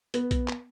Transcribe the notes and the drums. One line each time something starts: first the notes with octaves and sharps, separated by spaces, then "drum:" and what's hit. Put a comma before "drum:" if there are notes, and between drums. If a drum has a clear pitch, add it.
B3, drum: hi-hat
drum: kick B1, hi-hat
drum: clap